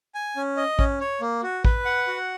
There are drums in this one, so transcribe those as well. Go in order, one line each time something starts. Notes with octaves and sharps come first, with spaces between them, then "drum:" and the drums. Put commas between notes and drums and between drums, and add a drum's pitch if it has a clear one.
G#5
C#4
D#5
C#4, drum: kick A1
C#5
A#3
F#4
B4, drum: kick A1
F#5
F#4